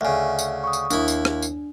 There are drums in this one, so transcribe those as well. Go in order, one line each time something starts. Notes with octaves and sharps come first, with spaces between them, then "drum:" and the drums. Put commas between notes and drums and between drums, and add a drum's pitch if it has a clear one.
D2 C#3 E5 G#5
drum: tambourine
C#6 D#6
drum: tambourine
D#2 D4 E4, drum: tambourine
drum: tambourine
drum: rim click
drum: tambourine